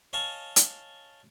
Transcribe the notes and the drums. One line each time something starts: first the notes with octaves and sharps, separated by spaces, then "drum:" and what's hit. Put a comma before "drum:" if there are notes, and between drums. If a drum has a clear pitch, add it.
C#5 D#5 F5 G#5 A5 C#6
drum: hi-hat